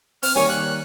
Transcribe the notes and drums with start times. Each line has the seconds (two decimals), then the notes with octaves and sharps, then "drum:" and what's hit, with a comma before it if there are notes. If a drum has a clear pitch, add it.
0.23 C4 F6, drum: open hi-hat
0.36 D#3 G3 A#3 C#5 G#5
0.49 F#6